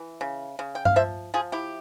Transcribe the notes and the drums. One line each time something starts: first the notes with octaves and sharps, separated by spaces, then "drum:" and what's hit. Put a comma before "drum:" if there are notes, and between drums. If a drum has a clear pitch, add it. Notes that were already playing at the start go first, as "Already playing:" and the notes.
Already playing: E3
C#3
C#3
G5
F5, drum: tom G2
F3 C5 E5
F3 F4 G#4
E4 G4